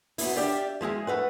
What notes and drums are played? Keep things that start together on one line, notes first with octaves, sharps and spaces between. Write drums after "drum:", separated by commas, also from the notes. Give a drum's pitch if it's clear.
F#2 B3 E4, drum: open hi-hat
D4 F4 G4 D5 E5
F3 G#3 E4 G#4
A3 B4 F#5